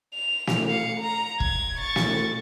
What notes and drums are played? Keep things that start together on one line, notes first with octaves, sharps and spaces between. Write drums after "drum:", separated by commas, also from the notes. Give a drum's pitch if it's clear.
F7
drum: snare
F5 C#7
A#5
G#6, drum: kick
C#6 A6
drum: snare